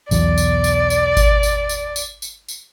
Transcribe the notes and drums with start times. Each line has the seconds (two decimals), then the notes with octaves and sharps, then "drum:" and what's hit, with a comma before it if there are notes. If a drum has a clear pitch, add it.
0.11 B1 E2 B2 D5, drum: tambourine
0.38 drum: tambourine
0.64 drum: tambourine
0.90 drum: tambourine
1.17 drum: kick G#1, tambourine
1.43 drum: tambourine
1.69 drum: tambourine
1.96 drum: tambourine
2.22 drum: tambourine
2.48 drum: tambourine